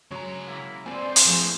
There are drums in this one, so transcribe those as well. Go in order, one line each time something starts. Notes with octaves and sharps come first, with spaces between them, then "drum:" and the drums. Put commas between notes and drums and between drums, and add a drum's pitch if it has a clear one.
C#3 F#3 G#3 C#5 A#5
A#3 E4
A#3 C4 C5 D5 G#5
drum: hi-hat
A2 F3 G#4 C6